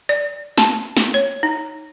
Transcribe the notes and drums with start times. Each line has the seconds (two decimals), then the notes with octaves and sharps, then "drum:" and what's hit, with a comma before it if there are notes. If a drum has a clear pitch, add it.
0.09 D5
0.58 A5, drum: snare
0.97 drum: snare
1.14 C#5
1.43 D#4